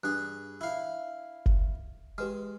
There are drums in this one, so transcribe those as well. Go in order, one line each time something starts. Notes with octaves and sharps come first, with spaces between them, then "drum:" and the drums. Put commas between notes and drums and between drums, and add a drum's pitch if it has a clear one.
G2 D4 G#4 F#6
E4 F5
drum: kick F#1
G#3 G4 B4 F6